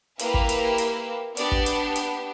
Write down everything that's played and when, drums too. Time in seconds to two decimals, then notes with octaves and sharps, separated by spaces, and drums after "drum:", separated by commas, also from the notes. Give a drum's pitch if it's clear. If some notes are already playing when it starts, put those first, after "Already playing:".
0.19 A#3 E4 G4 B4, drum: hi-hat
0.34 drum: kick
0.49 drum: hi-hat
0.78 drum: hi-hat
1.37 B3 D4 G4 D5, drum: hi-hat
1.52 drum: kick
1.66 drum: hi-hat
1.96 drum: hi-hat